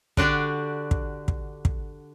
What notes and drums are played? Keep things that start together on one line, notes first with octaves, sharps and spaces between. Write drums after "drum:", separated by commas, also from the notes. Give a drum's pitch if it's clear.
D3 D4 F#4 G4 D5, drum: kick
drum: kick
drum: kick
drum: kick